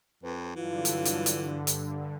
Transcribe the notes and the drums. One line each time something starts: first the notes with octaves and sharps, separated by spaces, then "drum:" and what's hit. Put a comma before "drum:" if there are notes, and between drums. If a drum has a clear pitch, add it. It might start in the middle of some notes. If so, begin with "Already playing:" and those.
F2 B4
G2 D3 E3 F#3 F4
drum: hi-hat
drum: hi-hat
drum: hi-hat
drum: hi-hat